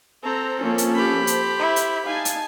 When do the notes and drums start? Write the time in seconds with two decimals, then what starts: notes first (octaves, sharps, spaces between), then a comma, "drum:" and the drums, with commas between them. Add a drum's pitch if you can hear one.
0.23 C4 A4 C5 A#5
0.58 F3 A#3 C#4
0.78 drum: hi-hat
0.95 G4 B5
1.27 C5, drum: hi-hat
1.59 E4
1.76 drum: hi-hat
2.06 D#4 F5 G#5 A5
2.25 drum: hi-hat